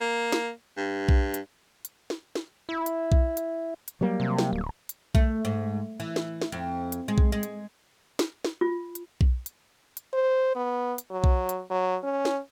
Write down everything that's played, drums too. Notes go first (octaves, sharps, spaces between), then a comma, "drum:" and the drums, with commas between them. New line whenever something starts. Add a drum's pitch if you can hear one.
A#3
drum: snare
G2
drum: kick B1
drum: hi-hat
drum: hi-hat
drum: snare
drum: snare
E4
drum: hi-hat
drum: kick B1
drum: hi-hat
drum: hi-hat
F#3 G3 A#3
C3
drum: snare
D1
drum: hi-hat
A3, drum: kick B1
G#2
E3
drum: snare
drum: snare
F2
drum: hi-hat
G#3
drum: kick B1
G#3
drum: hi-hat
drum: snare
drum: snare
F4
drum: hi-hat
drum: kick B1
drum: hi-hat
drum: hi-hat
C5
B3
drum: hi-hat
F#3
drum: kick B1
drum: hi-hat
F#3
C#4
drum: snare